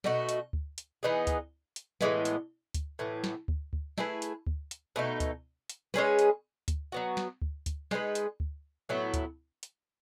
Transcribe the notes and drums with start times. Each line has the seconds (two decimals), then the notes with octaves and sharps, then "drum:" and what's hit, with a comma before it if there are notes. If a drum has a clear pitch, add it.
0.04 B2 A3 D#4 F#4, drum: snare
0.29 drum: hi-hat
0.53 drum: kick D2
0.78 drum: hi-hat
1.03 E3 B3 D#4 G#4
1.27 drum: kick D2, hi-hat
1.76 drum: hi-hat
2.01 A2 E3 G#3 B3, drum: snare
2.25 drum: hi-hat
2.74 drum: kick D2, hi-hat
2.99 A2 E3 B3
3.24 drum: snare
3.48 drum: kick D2
3.73 drum: kick D2
3.98 A3 E4 G#4 B4, drum: snare
4.22 drum: hi-hat
4.47 drum: kick D2
4.71 drum: hi-hat
4.96 B2 A3 D#4
5.20 drum: kick D2, hi-hat
5.69 drum: hi-hat
5.94 G#3 C#4 G#4 B4, drum: snare
6.19 drum: hi-hat
6.68 drum: kick D2, hi-hat
6.92 F#3 B3 F#4
7.17 drum: snare
7.42 drum: kick D2
7.66 drum: kick D2, hi-hat
7.91 G#3 D#4 G#4 B4, drum: snare
8.15 drum: hi-hat
8.40 drum: kick D2
8.89 A2 F#3 B3 E4
9.14 drum: kick D2, hi-hat
9.63 drum: hi-hat